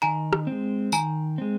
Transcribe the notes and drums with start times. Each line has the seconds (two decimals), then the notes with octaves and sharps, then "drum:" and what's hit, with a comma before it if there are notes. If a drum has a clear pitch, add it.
0.02 D#3 G#5 A#5
0.33 drum: rim click
0.47 G#3 C4
0.92 D#3 G#5 A#5, drum: tambourine
1.38 G#3 C4